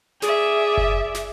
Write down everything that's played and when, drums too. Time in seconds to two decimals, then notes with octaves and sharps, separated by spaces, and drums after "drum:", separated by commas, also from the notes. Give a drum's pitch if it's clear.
0.22 G#4 D5 E5, drum: snare
0.78 drum: kick F#1
1.15 drum: snare